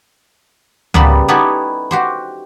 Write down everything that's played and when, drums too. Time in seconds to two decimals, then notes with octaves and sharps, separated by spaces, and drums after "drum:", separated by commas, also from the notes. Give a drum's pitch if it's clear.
0.94 C#3 G3 A#3 B3 A5 B5, drum: tom C#2
1.28 B3 D#4 E4 G4 A4 C#5
1.91 F#4 G4 C5